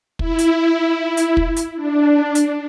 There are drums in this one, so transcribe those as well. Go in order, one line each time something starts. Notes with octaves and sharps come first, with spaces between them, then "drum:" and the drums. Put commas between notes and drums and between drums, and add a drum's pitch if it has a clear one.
E4, drum: kick
drum: hi-hat
drum: hi-hat
drum: kick
drum: hi-hat
D4
drum: hi-hat